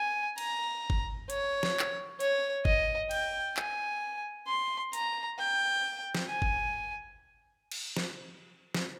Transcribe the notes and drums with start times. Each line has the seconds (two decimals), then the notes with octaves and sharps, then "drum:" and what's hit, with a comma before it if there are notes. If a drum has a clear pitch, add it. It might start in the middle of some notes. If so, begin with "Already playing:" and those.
Already playing: G#5
0.38 A#5, drum: cymbal
0.90 drum: kick G1
1.30 C#5, drum: hi-hat
1.63 drum: snare
1.79 drum: clap
2.20 C#5, drum: hi-hat
2.65 D#5, drum: kick G1
3.11 G5, drum: cymbal
3.57 G#5, drum: clap
4.47 C6
4.93 A#5, drum: hi-hat
5.39 G5
6.15 drum: snare
6.29 G#5
6.42 drum: kick G1
7.72 drum: cymbal
7.97 drum: snare
8.74 drum: snare